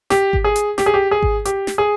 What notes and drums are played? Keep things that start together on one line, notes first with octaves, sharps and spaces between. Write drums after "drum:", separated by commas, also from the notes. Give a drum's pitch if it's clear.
G4, drum: snare
drum: kick G#1
G#4
drum: hi-hat
G4, drum: snare
G#4
G4
G#4
drum: kick G#1
G4, drum: hi-hat
drum: snare
G#4